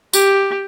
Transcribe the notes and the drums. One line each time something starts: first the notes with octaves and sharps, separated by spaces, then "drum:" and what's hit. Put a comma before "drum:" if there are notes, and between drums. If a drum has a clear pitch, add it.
G4, drum: tambourine